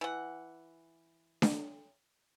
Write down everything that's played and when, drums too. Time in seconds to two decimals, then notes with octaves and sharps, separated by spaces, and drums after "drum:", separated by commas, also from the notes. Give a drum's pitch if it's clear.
0.01 E3 F#5
1.42 drum: snare D4